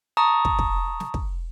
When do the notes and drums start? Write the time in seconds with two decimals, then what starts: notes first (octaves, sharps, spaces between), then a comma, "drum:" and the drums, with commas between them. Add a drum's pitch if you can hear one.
0.17 A5 A#5 C#6 D#6
0.45 drum: kick
0.59 drum: kick
1.00 drum: snare
1.14 drum: kick